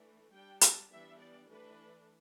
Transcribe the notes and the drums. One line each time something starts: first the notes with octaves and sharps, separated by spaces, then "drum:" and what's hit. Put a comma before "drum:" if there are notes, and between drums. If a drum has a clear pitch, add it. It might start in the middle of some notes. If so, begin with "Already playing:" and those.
Already playing: E3 A3 D4
G3 D4 G5
A5, drum: hi-hat
E3 G3 B3 D4 E5
D5
E3 A3 D4 B4